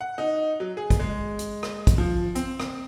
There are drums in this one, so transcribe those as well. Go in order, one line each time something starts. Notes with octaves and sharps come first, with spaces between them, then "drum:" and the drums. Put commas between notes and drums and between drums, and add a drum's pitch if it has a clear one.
F#5
D#4
F#3
G#4
drum: kick, hi-hat
G#3
drum: hi-hat
drum: rim click
drum: kick, hi-hat
F3
C4, drum: hi-hat
drum: rim click